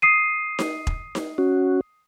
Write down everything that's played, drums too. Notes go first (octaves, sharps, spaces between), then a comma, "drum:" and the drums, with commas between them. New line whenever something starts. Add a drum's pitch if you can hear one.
D#6 C7 D#7
drum: snare D#4
drum: kick E1
drum: snare D#4
C#4 F#4